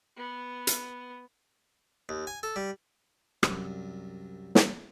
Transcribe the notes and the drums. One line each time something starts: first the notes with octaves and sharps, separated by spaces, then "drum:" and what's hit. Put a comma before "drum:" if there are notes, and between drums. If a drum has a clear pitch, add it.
B3
drum: hi-hat
D#2
G#5
A4
G3
C2 F#2, drum: rim click
drum: snare